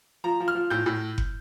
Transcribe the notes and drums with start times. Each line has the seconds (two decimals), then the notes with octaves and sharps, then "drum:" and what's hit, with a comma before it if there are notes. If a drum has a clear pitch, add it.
0.24 F3 A#5
0.40 F3
0.48 F6
0.55 F3
0.70 A2 G6
0.86 A2
1.18 drum: kick F#1